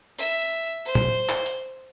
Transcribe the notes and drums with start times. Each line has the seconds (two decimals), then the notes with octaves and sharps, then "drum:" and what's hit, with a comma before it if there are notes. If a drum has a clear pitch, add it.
0.18 E5
0.85 C5
0.95 drum: tom A#2
1.29 drum: clap
1.46 drum: hi-hat